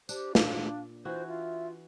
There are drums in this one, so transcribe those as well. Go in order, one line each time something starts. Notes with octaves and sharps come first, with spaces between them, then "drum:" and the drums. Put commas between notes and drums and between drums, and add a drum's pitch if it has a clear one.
D4 G4 C5, drum: tambourine
A#2 D4 F5, drum: snare
E3 F4 F#4 C5
F4 E5